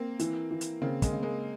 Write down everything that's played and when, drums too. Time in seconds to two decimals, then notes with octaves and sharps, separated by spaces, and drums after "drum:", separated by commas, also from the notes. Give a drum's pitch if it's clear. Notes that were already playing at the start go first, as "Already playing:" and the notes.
Already playing: A#3 C4
0.19 E3, drum: hi-hat
0.51 E3
0.61 drum: hi-hat
0.82 C#3 A#3 C4
1.02 G#3 A#3, drum: kick, hi-hat
1.12 C#3
1.23 G#3 A#3